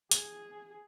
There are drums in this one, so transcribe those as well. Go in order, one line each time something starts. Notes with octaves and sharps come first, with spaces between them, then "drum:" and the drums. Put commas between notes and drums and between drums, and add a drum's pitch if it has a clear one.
G#4, drum: hi-hat